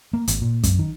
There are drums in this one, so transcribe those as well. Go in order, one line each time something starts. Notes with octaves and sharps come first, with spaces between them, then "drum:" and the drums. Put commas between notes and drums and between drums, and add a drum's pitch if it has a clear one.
A#3
G#1, drum: hi-hat
A#2
F#2, drum: kick, hi-hat
D#3